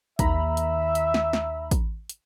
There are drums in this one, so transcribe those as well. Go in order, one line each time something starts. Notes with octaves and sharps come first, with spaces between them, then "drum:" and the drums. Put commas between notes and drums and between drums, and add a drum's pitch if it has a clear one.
D#2 E5 A#5 B5, drum: kick, hi-hat
drum: hi-hat
drum: hi-hat
drum: snare
drum: snare
drum: kick, hi-hat
drum: hi-hat